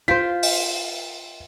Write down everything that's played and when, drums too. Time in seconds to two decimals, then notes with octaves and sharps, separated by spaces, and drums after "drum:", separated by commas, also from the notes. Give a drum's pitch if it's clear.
0.08 F4 C5 G5 B6
0.43 drum: open hi-hat